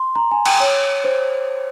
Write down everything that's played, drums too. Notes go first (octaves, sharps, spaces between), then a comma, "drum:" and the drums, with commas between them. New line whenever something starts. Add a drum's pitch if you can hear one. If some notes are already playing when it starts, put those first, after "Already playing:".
Already playing: C6
A#5
G#5
G5, drum: cymbal
C#5
C5